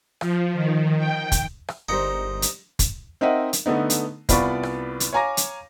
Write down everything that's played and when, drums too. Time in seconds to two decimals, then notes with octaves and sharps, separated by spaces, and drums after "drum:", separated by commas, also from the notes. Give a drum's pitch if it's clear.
0.21 F3, drum: rim click
0.54 D#3
0.98 G5
1.32 drum: kick, hi-hat
1.69 drum: rim click
1.89 G1 G3 G#3 D#4 A#4 C5 A#6 C#7
2.42 drum: hi-hat
2.79 drum: kick, hi-hat
3.21 C4 D#4 A#4 D#5 E5 F#5
3.53 drum: hi-hat
3.66 D3 A3 B3 D#4
3.90 drum: hi-hat
4.29 C2 B3 F4 D5 B5 C#6, drum: kick, hi-hat
4.63 drum: rim click
5.00 drum: hi-hat
5.13 C#5 F5 G#5 A#5 D6 A#6
5.37 drum: hi-hat